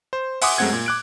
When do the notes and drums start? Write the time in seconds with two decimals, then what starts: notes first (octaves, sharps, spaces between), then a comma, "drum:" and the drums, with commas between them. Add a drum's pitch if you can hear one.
0.13 C5
0.41 E5 F#5 G#5 C6 D6 D#6, drum: open hi-hat
0.58 F#2 G#3 A3 C4 F#5 G#6
0.73 A#2
0.86 D6 F#6 D7